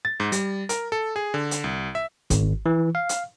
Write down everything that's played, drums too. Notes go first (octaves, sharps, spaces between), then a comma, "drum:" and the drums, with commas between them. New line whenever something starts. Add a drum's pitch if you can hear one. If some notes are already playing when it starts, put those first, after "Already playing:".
A6
G#2
G3, drum: hi-hat
A#4, drum: hi-hat
A4
G#4
D3
drum: hi-hat
C2
E5
G#1, drum: kick, hi-hat
E3
F5
drum: hi-hat